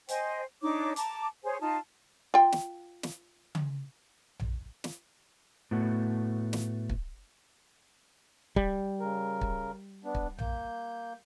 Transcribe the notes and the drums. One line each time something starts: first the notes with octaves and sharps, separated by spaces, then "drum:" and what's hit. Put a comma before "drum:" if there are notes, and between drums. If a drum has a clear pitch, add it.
C5 D#5 G5 G#5, drum: hi-hat
D4 D#4 C#5 D6
A5 A#5 D6, drum: hi-hat
G#4 C5 C#5 G#5
D#4 F4 A5
F4 G5
drum: snare
drum: snare
drum: tom C#3
drum: tom A#1
drum: snare
A2 A3 B3 F#4
drum: snare
drum: kick
G3, drum: kick
C#3 A#4
drum: kick
B3 D4
drum: kick
A#3 G6, drum: tom A#1